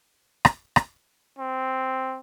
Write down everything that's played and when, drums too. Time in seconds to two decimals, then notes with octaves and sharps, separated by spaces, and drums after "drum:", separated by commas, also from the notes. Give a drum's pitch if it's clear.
0.45 drum: rim click
0.76 drum: rim click
1.39 C4